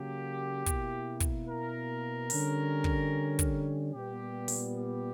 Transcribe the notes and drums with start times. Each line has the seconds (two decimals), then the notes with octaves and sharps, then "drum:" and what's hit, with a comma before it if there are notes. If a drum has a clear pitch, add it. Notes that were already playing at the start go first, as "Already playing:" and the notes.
Already playing: C#3 F#3 A#3 G4
0.66 B2 A#3 E4, drum: kick, hi-hat
1.20 drum: kick, hi-hat
1.48 A#4
2.30 D3 G3 C#4, drum: open hi-hat
2.84 drum: kick
3.39 drum: kick, hi-hat
3.93 A#2 G3 B3 G4
4.48 drum: open hi-hat
4.76 G4